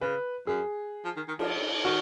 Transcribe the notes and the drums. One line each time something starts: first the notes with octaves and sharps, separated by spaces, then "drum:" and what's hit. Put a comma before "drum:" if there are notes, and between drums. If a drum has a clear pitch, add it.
C#3 B4
F#2 G#4
F3
D#3
D#3
F3, drum: cymbal
D#3 F#4